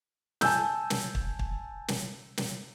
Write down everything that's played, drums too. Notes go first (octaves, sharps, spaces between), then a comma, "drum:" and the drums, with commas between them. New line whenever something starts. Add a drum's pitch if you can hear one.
G#5 A5 E6 G6, drum: snare
drum: snare
drum: kick
drum: kick
drum: snare
drum: snare